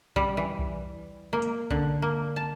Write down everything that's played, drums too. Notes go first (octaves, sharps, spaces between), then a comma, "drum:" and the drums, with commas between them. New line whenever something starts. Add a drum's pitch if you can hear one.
G3, drum: kick B1
E3
drum: kick B1
A#3
drum: hi-hat
D3, drum: kick B1
A#3
A5